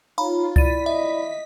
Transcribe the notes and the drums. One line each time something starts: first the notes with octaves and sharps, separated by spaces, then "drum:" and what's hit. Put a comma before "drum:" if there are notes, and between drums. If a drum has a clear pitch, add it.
D#4 F4 C#5 F5 A#5 B5
E4 D5 B5 A6 B6 D#7, drum: kick C#2
D#5 E5